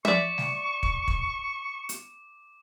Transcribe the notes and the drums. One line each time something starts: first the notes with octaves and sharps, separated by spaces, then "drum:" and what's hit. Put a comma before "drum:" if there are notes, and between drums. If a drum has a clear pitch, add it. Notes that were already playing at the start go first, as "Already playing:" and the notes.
D5 E5 C#6 D6, drum: tom
drum: snare G3
drum: kick
drum: kick
drum: hi-hat